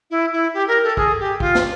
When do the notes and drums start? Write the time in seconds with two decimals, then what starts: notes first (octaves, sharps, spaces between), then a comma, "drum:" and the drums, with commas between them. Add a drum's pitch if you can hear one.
0.11 E4
0.33 E4
0.54 G4
0.68 A#4
0.83 A4
0.97 G#4, drum: kick
1.20 G4
1.40 F4, drum: kick
1.55 drum: snare